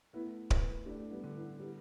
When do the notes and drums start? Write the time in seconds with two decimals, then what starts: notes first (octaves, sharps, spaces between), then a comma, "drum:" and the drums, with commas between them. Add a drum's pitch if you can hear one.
0.13 A3 B3 E4
0.50 B4, drum: kick D1
0.86 A3 D4 G4
1.11 G3 B3
1.23 D3
1.35 B3 E4
1.59 G3 B3 E4